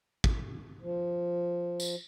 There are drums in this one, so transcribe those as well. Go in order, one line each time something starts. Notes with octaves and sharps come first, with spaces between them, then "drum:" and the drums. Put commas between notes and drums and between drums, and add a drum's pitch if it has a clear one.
drum: kick
F3
drum: tambourine